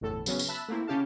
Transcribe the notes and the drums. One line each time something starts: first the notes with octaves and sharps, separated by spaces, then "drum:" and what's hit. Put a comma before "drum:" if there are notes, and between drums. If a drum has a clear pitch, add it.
G1 E2 A2 A4
C#3 F#3 B3 C#4, drum: tambourine
drum: tambourine
E5 A5 B5 E6 F#6
A3 A#3 C4 E4
C#3 C#4 G4 F5 A5